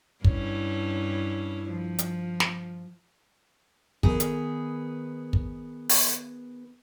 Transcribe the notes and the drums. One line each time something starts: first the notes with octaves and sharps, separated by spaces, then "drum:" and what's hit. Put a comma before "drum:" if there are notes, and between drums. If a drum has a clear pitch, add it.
G2 C#4 E4, drum: kick
F3
drum: hi-hat
drum: snare
D#3 B3 G#4, drum: kick
drum: hi-hat
drum: kick
drum: open hi-hat